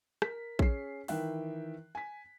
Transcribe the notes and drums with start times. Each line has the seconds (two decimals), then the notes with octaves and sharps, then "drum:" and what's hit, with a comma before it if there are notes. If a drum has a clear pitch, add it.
0.22 A#4 B6, drum: rim click
0.59 C#4 G#4 C7, drum: kick
1.08 D#3 E3 D#4 E5 G5 F#6, drum: open hi-hat
1.95 G#5 B6